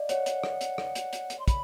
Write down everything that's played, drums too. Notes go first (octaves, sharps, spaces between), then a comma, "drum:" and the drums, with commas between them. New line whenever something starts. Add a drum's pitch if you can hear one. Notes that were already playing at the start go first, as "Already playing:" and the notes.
Already playing: D5 D#5 F5
C#5 F#5, drum: hi-hat
drum: hi-hat
drum: rim click
drum: hi-hat
drum: rim click
drum: hi-hat
drum: hi-hat
drum: hi-hat
C6
B5, drum: kick, hi-hat